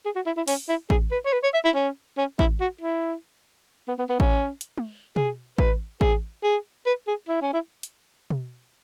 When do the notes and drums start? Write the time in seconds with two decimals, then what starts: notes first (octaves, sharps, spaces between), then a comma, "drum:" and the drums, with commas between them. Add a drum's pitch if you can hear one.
0.05 G#4
0.16 F#4
0.26 E4
0.37 E4
0.48 C#4, drum: open hi-hat
0.69 E4
0.90 G#4, drum: kick A1
1.11 B4
1.26 C#5
1.33 B4
1.43 C#5
1.54 E5
1.65 E4
1.75 C#4
2.18 C#4
2.39 E4, drum: kick A1
2.61 F#4
2.81 E4
3.88 B3
3.99 B3
4.09 B3
4.20 C#4, drum: kick A1
4.61 drum: hi-hat
4.78 drum: tom
5.16 G#4, drum: tom B2
5.58 B4, drum: kick A1
6.01 G#4, drum: kick A1
6.43 G#4
6.86 B4
7.07 G#4
7.28 E4
7.41 C#4
7.54 E4
7.83 drum: hi-hat
8.30 drum: tom B2